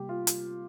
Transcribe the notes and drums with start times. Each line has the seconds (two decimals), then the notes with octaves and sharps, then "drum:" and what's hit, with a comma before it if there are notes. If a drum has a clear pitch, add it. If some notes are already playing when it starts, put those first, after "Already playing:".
Already playing: C3 G3 A#3 G4
0.09 F4
0.27 drum: hi-hat